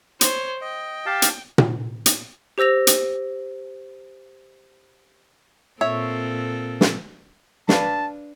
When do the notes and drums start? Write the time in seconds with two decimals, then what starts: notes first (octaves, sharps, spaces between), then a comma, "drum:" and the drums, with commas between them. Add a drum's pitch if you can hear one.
0.21 C5 C#5, drum: hi-hat
0.61 D#5 G5
1.06 G4 F5 A5
1.22 drum: hi-hat
1.58 drum: tom A#2
2.06 drum: hi-hat
2.58 G4 C5 E6 A#6 F7
2.87 drum: hi-hat
5.81 A#2 C4 A4 C#5 E5
6.81 drum: snare
7.69 D4 B4 F5 A5, drum: snare